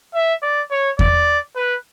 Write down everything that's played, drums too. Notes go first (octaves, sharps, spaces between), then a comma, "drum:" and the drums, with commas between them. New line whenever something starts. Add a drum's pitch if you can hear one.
E5
D5
C#5
D5, drum: kick E2
B4